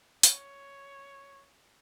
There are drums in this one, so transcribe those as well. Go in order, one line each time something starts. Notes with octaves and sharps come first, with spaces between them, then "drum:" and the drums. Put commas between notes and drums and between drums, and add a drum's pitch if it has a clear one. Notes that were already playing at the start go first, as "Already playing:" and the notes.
C#5, drum: hi-hat